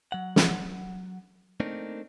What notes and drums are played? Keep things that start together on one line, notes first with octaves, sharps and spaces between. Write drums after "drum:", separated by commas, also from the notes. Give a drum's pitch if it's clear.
F#3 F#5
drum: snare
A3 A#3 C4 D4 D#4 A#4